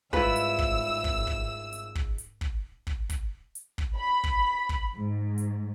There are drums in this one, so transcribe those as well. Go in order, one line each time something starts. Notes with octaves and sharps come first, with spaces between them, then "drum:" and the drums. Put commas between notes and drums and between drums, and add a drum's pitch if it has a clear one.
G#1 G3 G#3 E4 F4 B4 E6, drum: kick
drum: hi-hat
drum: kick
drum: kick
drum: kick
drum: hi-hat
drum: kick
drum: hi-hat
drum: kick
drum: kick
drum: kick, hi-hat
drum: hi-hat
drum: kick
B5
drum: kick
drum: kick
G#2
drum: hi-hat